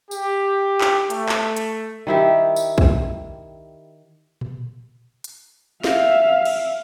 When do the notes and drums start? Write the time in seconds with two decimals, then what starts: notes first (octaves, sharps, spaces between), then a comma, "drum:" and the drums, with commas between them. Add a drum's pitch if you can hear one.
0.11 G4, drum: tambourine
0.81 drum: clap
1.10 A3, drum: hi-hat
1.29 drum: clap
1.57 drum: hi-hat
2.07 D#3 E4 G4
2.56 drum: tambourine
2.78 drum: kick
4.41 drum: tom A#2
5.24 drum: hi-hat
5.84 E5 F5, drum: snare
6.45 drum: cymbal